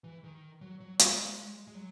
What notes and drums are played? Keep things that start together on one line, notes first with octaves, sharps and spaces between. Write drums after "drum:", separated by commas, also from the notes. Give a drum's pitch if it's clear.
E3
D#3
F#3
F#3
G#3, drum: hi-hat
G#3
F#3